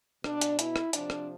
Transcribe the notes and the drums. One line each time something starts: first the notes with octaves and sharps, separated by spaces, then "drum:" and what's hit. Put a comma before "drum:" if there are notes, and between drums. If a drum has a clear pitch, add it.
B2 D4, drum: rim click
drum: hi-hat
E4, drum: hi-hat
drum: rim click
C3 F3 D4, drum: hi-hat
drum: rim click